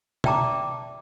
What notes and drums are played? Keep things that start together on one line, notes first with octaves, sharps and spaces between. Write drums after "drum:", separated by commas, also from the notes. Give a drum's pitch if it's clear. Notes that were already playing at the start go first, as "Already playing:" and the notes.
D5 E5 G5 A5 A#5 D6, drum: tom